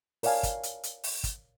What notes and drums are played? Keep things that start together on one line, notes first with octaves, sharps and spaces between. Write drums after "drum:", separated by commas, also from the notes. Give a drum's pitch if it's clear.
A#4 C#5 D5 F5 G#5 A5, drum: open hi-hat
drum: kick, hi-hat
drum: hi-hat
drum: hi-hat
drum: open hi-hat
drum: kick, hi-hat